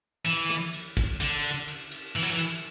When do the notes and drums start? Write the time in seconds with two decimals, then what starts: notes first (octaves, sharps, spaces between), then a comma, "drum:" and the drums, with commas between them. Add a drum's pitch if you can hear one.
0.26 E3, drum: cymbal
0.49 drum: rim click
0.73 drum: cymbal
0.97 drum: kick, cymbal
1.21 D3, drum: cymbal
1.44 drum: cymbal
1.68 drum: cymbal
1.91 drum: cymbal
2.16 E3, drum: cymbal
2.22 F#3
2.29 E3
2.39 drum: cymbal